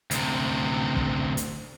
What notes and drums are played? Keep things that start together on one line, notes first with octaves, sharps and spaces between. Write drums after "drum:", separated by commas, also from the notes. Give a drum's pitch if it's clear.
D2 C3, drum: hi-hat
drum: kick
drum: hi-hat